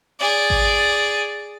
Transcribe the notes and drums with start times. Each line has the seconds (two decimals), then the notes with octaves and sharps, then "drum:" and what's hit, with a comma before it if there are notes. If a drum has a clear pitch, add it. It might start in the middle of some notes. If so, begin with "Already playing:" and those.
0.19 G#4 D5
0.50 drum: kick G#1